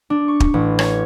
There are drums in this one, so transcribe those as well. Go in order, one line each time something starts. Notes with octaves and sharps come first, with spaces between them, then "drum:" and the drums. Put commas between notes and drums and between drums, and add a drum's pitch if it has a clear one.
D4
C#6
drum: kick
A1
C#5, drum: rim click